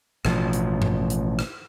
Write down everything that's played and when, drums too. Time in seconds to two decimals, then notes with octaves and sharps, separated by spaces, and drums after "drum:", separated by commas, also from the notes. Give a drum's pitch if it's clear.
0.25 A1 B2 E3 F3, drum: rim click
0.53 drum: hi-hat
0.82 drum: tom G2
1.10 drum: hi-hat
1.39 drum: rim click